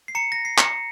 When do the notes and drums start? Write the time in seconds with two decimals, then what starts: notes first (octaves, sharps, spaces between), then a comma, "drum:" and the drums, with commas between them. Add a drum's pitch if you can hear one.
0.08 C7
0.15 A#5 C#7
0.32 A#6
0.45 C7
0.58 A#5 C#7, drum: clap